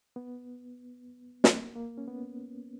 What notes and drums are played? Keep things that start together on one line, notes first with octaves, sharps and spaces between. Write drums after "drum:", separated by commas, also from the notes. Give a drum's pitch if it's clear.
B3
A#3, drum: snare
A#3
C#4
B3